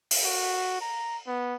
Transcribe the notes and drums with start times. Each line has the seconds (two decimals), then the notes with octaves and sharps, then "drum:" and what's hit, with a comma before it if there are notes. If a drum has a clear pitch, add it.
0.11 drum: open hi-hat
0.25 F#4
0.81 A#5
1.27 B3